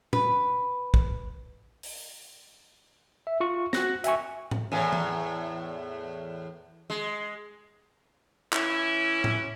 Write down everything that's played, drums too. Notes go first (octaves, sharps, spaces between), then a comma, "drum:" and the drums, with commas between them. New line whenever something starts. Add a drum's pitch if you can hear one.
B4, drum: tom
drum: kick
drum: open hi-hat
E5
F4 C#6
F#4 F#6 A#6, drum: snare
E5 G5 G#5 C#6, drum: hi-hat
drum: tom A2
E2 A2 C#5 G#5
drum: tom
G#3
E3 C#4 E4, drum: clap
drum: tom A2